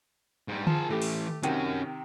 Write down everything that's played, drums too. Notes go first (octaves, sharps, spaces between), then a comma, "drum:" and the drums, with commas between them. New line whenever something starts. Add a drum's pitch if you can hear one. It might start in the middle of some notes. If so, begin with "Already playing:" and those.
G#2 G3
F3 G#4 A5, drum: tom D3
A2 E3 A3 G4
drum: open hi-hat
C3 D#3 C#4 F#4, drum: hi-hat